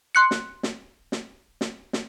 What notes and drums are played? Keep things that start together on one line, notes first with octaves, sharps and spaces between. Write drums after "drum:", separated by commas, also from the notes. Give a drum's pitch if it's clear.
C6 F#6 C#7
drum: snare
drum: snare
drum: snare
drum: snare
drum: snare